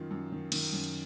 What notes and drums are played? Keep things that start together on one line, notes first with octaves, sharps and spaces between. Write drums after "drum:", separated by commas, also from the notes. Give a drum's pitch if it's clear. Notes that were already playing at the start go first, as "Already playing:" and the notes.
Already playing: F#2 D#3 F4
F#2
D#3
D#3, drum: cymbal
F#2
drum: hi-hat